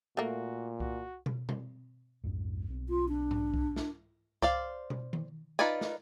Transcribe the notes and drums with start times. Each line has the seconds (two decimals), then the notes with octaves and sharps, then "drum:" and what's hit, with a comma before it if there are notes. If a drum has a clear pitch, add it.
0.17 A#2 A3 A#3 F#4
0.80 F#4, drum: kick C2
1.26 drum: tom
1.49 drum: tom B2
2.24 B1 F2 G#2
2.68 B1 C4
2.89 F4
3.08 D4
3.31 drum: tom G#2
3.54 drum: kick C2
3.76 drum: snare
4.42 C5 D5 F5, drum: kick C2
4.90 drum: tom
5.13 drum: tom D#3
5.59 D#4 F4 B4 D5 G#5
5.81 drum: snare